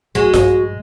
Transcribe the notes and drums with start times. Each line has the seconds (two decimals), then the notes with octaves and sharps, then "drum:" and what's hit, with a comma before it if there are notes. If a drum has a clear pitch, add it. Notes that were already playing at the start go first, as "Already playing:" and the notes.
0.15 A1 F#2 G#3 F#4
0.34 A#1 G2, drum: snare F4